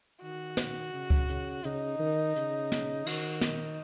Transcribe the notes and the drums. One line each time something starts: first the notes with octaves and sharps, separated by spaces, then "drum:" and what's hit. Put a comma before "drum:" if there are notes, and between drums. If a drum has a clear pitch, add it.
D#3 F#4
drum: snare
C#3
drum: kick C#2
C#3, drum: hi-hat
C#3 D#4, drum: hi-hat
D#3
C#3, drum: hi-hat
drum: snare
D#3 F#4, drum: cymbal
D#4, drum: snare